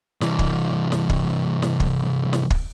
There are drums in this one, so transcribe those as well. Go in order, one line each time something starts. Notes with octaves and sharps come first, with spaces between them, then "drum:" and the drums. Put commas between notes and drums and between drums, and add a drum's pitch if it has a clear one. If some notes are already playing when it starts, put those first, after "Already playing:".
C2 E3, drum: snare
drum: kick
drum: snare
drum: kick
drum: snare
drum: kick
drum: snare
drum: kick